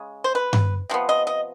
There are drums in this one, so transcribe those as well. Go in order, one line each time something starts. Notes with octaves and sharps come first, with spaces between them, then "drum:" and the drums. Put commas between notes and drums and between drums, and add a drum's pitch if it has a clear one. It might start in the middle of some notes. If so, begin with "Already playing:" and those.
Already playing: C#3 G#3
C5
B4
drum: tom G2
C3 F3 B3
D#5
D#5